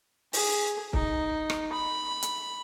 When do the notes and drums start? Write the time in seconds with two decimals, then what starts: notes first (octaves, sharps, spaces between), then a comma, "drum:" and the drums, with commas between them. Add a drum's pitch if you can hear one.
0.33 G#4, drum: open hi-hat
0.93 D#4, drum: kick
1.50 drum: rim click
1.72 B5
2.22 drum: hi-hat